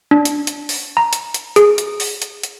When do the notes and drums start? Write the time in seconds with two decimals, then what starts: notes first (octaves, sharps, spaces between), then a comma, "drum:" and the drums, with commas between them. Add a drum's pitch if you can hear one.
0.11 D4
0.25 drum: hi-hat
0.47 drum: hi-hat
0.69 drum: open hi-hat
0.97 A#5
1.13 drum: hi-hat
1.34 drum: hi-hat
1.56 G#4, drum: hi-hat
1.78 drum: hi-hat
2.00 drum: open hi-hat
2.22 drum: hi-hat
2.43 drum: hi-hat